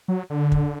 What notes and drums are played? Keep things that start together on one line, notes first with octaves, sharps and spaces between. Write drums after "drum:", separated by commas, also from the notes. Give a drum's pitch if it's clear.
F#3
D3
drum: kick